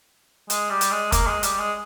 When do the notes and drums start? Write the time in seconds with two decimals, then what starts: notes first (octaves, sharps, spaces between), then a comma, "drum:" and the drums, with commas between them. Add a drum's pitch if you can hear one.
0.50 G#3, drum: hi-hat
0.70 G3
0.81 drum: hi-hat
0.91 G#3
1.12 A#3, drum: kick, hi-hat
1.27 G#3
1.43 G3, drum: hi-hat
1.59 G#3